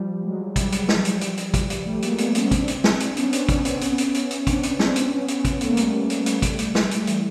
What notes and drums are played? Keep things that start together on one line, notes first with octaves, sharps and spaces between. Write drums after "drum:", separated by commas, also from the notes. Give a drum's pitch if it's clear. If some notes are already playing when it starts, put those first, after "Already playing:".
Already playing: F3 G3
F#3 G#3
F3 G3, drum: kick, hi-hat
drum: hi-hat
drum: snare
drum: hi-hat
drum: hi-hat
drum: hi-hat
drum: kick, hi-hat
drum: hi-hat
G3 A3
G#3 A#3, drum: hi-hat
A3 B3, drum: hi-hat
B3 C#4, drum: hi-hat
C4 D4, drum: kick, hi-hat
drum: hi-hat
drum: snare
drum: hi-hat
B3 C#4, drum: hi-hat
C4 D4, drum: hi-hat
B3 C#4, drum: kick, hi-hat
C4 D4, drum: hi-hat
B3 C#4, drum: hi-hat
drum: hi-hat
B3 C#4, drum: hi-hat
drum: hi-hat
C4 D4, drum: kick, hi-hat
drum: hi-hat
C4 D4, drum: snare
drum: hi-hat
B3 C#4
B3 C#4, drum: hi-hat
drum: kick, hi-hat
A3, drum: hi-hat
A#3
G3 A3, drum: hi-hat
drum: hi-hat
drum: hi-hat
drum: kick, hi-hat
drum: hi-hat
drum: snare
drum: hi-hat
E3, drum: hi-hat